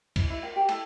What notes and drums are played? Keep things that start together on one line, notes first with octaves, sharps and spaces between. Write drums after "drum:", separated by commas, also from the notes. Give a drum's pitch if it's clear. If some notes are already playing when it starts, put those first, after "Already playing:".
E4, drum: kick C#2, cymbal
E4 E5
F4 A#4 F5
G4 G5
E4 A4 A5, drum: cymbal